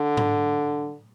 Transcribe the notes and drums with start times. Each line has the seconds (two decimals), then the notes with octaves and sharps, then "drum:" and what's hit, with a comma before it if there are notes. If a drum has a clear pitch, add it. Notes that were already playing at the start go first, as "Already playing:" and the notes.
Already playing: D3
0.17 drum: tom G#2